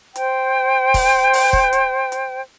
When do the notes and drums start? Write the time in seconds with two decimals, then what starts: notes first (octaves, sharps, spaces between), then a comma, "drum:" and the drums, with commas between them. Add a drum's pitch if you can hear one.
0.16 C5 G5, drum: hi-hat
0.94 drum: kick, open hi-hat
1.33 drum: open hi-hat
1.53 drum: kick
1.73 drum: hi-hat
2.12 drum: hi-hat